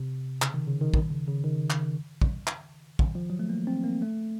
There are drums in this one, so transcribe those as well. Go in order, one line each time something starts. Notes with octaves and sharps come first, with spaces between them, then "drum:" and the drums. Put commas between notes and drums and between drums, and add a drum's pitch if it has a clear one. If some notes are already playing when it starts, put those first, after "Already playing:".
Already playing: C3
C#3, drum: clap
D#3
C#3
D#3
D#3, drum: kick
C#3
C#3
D#3
drum: clap
drum: kick
drum: clap
D#3, drum: kick
F3
F#3
A3
A#3
C4
A#3
A3